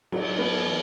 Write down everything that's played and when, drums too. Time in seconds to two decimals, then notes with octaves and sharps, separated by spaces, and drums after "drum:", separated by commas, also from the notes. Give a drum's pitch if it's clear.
0.12 F#3, drum: cymbal
0.39 B3
0.66 E3